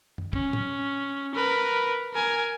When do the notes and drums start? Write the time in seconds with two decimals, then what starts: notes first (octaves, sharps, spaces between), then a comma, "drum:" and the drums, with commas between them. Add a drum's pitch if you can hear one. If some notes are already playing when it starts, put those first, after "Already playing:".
0.18 drum: tom F#2
0.33 C#4, drum: kick
0.53 drum: tom A2
1.35 A#4 B4
2.14 A#4 G#5